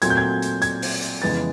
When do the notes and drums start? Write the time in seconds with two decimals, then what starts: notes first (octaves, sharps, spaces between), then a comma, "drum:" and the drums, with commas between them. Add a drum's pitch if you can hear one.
0.02 A#2 F#3 A3 C4 G#6, drum: hi-hat
0.10 G6
0.17 G#6
0.42 drum: hi-hat
0.62 G#6, drum: hi-hat
0.82 drum: open hi-hat
1.02 drum: hi-hat
1.22 F2 C#3 E3 G#3 B3 A6